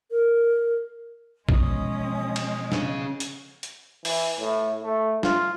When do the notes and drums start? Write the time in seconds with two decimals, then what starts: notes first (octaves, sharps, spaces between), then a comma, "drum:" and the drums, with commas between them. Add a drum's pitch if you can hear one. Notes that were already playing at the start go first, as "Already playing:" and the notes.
0.11 A#4
1.49 B2 E3 F3 G#3 C#4 D#5 D#6, drum: kick
2.36 drum: cymbal
2.72 C#3 C#4, drum: snare
3.20 drum: hi-hat
3.63 drum: hi-hat
4.05 E3, drum: open hi-hat
4.40 A2
4.83 A3
5.23 F4, drum: snare